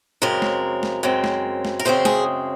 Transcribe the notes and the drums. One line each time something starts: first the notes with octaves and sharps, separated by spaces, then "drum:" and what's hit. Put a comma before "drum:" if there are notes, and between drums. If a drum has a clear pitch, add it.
F#2 C#3 G#3 C4 A#4
drum: snare
drum: snare
F#2 C#3 G#3 C4
drum: snare
drum: snare
A#4
F#2 C#3 G#3 C4 C5
G#4, drum: snare